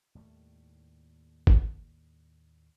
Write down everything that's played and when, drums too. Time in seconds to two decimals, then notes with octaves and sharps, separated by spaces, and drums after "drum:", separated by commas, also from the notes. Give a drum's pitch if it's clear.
0.15 D#2 A2 G3 A3
1.47 drum: kick